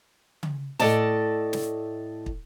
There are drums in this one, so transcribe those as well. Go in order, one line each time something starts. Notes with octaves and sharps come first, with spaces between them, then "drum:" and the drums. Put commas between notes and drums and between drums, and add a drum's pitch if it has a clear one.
drum: tom C#3
A2 A4 D5 D#5 A5, drum: snare
drum: snare
drum: kick